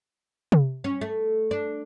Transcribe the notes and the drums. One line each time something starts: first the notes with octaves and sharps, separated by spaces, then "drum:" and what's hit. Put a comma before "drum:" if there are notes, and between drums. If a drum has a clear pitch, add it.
drum: tom C3
C#4
A3
D4